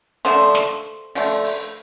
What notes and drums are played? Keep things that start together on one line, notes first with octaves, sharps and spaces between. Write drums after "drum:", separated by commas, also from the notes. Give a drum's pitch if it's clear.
D3 F3 A3 C5, drum: hi-hat
drum: snare
D3 F3 A3, drum: open hi-hat
drum: open hi-hat